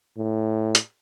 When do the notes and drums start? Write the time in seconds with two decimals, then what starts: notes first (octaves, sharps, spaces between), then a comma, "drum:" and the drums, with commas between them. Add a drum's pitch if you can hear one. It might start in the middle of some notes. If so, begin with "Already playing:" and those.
0.17 A2
0.75 drum: hi-hat